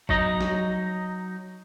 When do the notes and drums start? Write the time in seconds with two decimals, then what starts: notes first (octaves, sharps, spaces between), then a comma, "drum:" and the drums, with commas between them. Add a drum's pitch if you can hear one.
0.09 F#3 D#4 D#5, drum: kick G#1
0.41 drum: snare